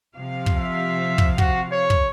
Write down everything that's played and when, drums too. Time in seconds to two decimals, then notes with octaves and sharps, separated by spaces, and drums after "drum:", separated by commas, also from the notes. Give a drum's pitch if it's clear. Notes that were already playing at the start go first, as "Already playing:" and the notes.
0.16 C3 F3 F5
0.46 drum: kick
0.58 E5
1.18 drum: kick
1.38 F#4, drum: kick
1.72 C#5
1.90 drum: kick